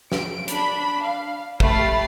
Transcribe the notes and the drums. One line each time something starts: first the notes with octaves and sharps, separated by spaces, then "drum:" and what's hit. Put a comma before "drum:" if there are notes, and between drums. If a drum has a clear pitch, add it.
D7, drum: snare
D4 B5, drum: hi-hat
F5
A3 G4 B5 F6 A6 C7, drum: kick